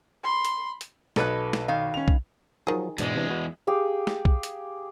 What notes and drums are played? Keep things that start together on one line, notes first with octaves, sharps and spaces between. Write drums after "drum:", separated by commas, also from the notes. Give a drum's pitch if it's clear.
B5 C6
drum: hi-hat
drum: hi-hat
B1 F#3 A4 B4 D#5 F#6, drum: snare
drum: snare
D#3 F5
C#4 F7
drum: kick B1
D#3 F3 F#3 G#4
E2 G#2 B2 G#3 D4, drum: hi-hat
C3 E3 D4
F#4 B4
G4 G#4 F5
drum: snare
drum: kick B1
drum: hi-hat